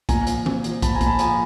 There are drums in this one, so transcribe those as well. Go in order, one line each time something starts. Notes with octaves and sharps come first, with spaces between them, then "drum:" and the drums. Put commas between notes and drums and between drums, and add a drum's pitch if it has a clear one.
A#2 G#5 A#5, drum: kick, hi-hat
F3, drum: hi-hat
F3, drum: tom E3
F3, drum: hi-hat
A#2 A5 B5, drum: kick, hi-hat
G#5 A#5
A#2, drum: kick, hi-hat
A5 B5
F3 G#5 A#5, drum: hi-hat